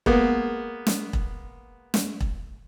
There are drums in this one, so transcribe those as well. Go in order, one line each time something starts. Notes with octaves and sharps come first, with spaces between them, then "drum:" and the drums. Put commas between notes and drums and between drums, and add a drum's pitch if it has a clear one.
G#3 A#3 B3, drum: kick E1
drum: snare
drum: kick E1
drum: snare
drum: kick E1